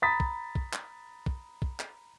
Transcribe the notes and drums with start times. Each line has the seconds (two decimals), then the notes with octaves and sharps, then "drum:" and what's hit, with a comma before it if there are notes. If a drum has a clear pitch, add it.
0.02 A#5 B5 D#6 A6 B6
0.20 drum: kick
0.55 drum: kick
0.73 drum: clap
1.26 drum: kick
1.62 drum: kick
1.80 drum: clap